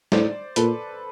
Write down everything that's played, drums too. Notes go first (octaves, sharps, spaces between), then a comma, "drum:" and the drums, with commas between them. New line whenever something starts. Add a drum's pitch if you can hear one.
A2 C5 D5, drum: snare G3
A#2 A4 B4, drum: hi-hat